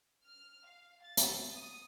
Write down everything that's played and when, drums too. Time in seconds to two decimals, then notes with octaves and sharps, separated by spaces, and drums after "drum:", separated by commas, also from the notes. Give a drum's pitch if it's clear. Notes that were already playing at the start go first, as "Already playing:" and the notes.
0.23 F6
0.65 F5
1.01 A6
1.17 drum: hi-hat
1.51 D#6